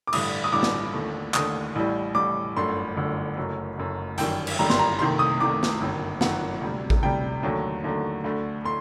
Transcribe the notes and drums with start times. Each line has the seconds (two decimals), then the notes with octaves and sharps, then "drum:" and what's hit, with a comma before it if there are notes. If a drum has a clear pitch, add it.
0.07 D6
0.13 A1 G2 D3 G3 D#6, drum: cymbal
0.44 D#6
0.53 A1 G2 D3 G3 D6
0.63 drum: snare
0.93 D#2 D3 A3
1.34 D#2 D3 A3 D#6, drum: clap
1.75 A1 A2 G3
2.15 A1 A2 G3 D6
2.56 G1 F#2 D3 A3 C6
2.97 G1 F#2 D3 A3
3.37 F#1 F#2 F#3 A3
3.77 F#1 F#2 F#3 A3
4.18 G1 F#2 D#3 G3 G5, drum: hi-hat
4.47 drum: cymbal
4.59 G1 F#2 D#3 G3 A#5
4.70 C6, drum: snare
4.79 A#5
4.99 C2 C3 D#3 A3 C6
5.19 D#6
5.40 C2 C3 D#3 A3 D6
5.63 drum: snare
5.81 G1 F#2 D#3 F#3
6.21 G1 F#2 D#3 F#3 F#5, drum: snare
6.61 D2 C3 G3
6.90 drum: kick A1
7.03 D2 C3 G3 G5
7.43 D#2 D3 F#3 A3
7.84 D#2 D3 F#3 A3
8.24 D2 D3 A3
8.64 A3 C6